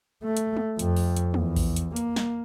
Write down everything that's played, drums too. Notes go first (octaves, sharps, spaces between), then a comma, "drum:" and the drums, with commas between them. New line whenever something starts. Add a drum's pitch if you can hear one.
A3
drum: hi-hat
drum: tom
F2, drum: hi-hat
drum: open hi-hat
drum: hi-hat
E2, drum: tom
drum: kick A#1, open hi-hat
drum: hi-hat
A#3, drum: hi-hat
drum: snare